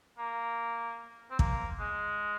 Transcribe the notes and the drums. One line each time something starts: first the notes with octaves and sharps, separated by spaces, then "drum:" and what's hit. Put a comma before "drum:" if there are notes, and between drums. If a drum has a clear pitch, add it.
A#3
C4
A#3, drum: kick
G#3